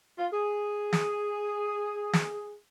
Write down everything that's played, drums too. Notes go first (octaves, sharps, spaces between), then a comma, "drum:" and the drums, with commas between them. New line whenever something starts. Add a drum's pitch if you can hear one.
F4
G#4
drum: snare
drum: snare